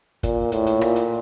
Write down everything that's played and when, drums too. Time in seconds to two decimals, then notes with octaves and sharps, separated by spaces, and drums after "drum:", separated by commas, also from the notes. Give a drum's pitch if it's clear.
0.23 A#2, drum: kick, hi-hat
0.52 A2, drum: hi-hat
0.67 drum: hi-hat
0.81 A#2, drum: rim click
0.96 drum: hi-hat